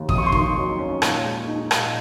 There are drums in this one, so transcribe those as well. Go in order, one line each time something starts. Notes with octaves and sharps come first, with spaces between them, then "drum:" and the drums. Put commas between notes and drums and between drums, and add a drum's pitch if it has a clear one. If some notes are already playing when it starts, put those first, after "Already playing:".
Already playing: D#2
F2 D#6, drum: kick
C#6
C6
D#3 C#6, drum: kick
F#3
C#4
A#2, drum: rim click
G#3
D#4
A#2, drum: rim click